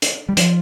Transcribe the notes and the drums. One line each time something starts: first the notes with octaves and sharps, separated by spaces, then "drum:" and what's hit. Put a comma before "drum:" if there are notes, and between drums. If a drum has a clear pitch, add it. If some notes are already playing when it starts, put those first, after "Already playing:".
drum: hi-hat
G3
F3, drum: hi-hat